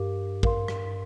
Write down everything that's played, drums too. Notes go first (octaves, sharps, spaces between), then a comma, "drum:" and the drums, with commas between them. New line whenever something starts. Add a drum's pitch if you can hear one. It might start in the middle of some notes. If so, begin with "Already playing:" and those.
Already playing: G2 G4 A#4 F5 D6
A#4 F5 C6, drum: kick A1
drum: rim click